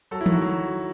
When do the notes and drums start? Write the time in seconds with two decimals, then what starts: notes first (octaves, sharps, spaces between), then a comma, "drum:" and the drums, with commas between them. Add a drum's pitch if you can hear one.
0.11 F#3 A4
0.21 E4
0.26 D#3, drum: tom
0.32 F#4
0.42 F#3